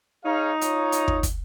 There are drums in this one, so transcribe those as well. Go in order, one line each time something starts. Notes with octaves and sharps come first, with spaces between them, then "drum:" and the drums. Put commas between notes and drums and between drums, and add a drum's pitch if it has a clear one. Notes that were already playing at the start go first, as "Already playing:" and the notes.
D#4 G#4 C#5 F5
F4 C#5, drum: hi-hat
drum: hi-hat
drum: kick
drum: kick, hi-hat